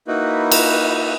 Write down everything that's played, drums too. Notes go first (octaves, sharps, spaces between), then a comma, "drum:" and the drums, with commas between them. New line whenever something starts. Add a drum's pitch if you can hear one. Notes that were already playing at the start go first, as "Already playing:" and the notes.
A#3 D#4 E4 F#4 B4
drum: cymbal